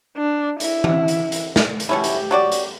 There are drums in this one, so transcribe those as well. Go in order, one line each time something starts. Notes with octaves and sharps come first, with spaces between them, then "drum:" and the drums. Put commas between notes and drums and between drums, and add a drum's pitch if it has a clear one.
D4
E4, drum: hi-hat
drum: tom E3
drum: hi-hat
drum: hi-hat
drum: snare
drum: hi-hat
B2 C#4 E4 G4
drum: hi-hat
F#3 F#4 D5
drum: hi-hat